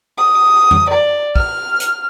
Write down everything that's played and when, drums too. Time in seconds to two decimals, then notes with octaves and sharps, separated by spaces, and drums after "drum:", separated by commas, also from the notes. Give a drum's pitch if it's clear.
0.18 D#6
0.71 drum: tom F2
0.90 D5
1.36 F6, drum: kick
1.80 drum: hi-hat